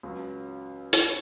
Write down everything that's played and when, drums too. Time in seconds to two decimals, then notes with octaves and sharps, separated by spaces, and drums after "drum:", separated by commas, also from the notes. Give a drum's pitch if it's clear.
0.03 C#2 C#3 F#3
0.93 C#5, drum: hi-hat